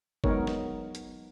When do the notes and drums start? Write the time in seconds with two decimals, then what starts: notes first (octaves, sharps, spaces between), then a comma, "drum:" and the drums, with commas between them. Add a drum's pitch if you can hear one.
0.24 F#3 G#3 B3 D#4 A#4 C#5, drum: kick F#1
0.47 drum: snare
0.95 drum: hi-hat